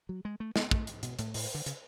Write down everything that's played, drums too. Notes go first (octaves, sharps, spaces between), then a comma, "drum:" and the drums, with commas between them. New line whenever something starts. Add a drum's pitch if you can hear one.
F#3
G#3
A3
B3, drum: snare
A3, drum: kick
drum: hi-hat
B2, drum: hi-hat
A2, drum: hi-hat
A2, drum: open hi-hat
D3
C#3, drum: hi-hat